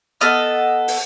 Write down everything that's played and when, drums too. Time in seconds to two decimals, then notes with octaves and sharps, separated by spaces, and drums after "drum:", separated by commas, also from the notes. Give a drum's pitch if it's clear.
0.21 B3 A4 D#5 F6
0.88 drum: open hi-hat